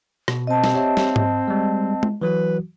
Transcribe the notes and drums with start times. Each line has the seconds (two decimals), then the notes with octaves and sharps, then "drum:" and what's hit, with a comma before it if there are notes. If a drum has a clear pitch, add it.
0.28 B2, drum: rim click
0.47 C4 D#5 A5
0.64 drum: snare
0.74 G4 C#5 E5
0.97 drum: snare
1.16 drum: tom G#2
1.48 G3 G#3
2.03 drum: tom G#3
2.22 E3 F#3 F#4 B4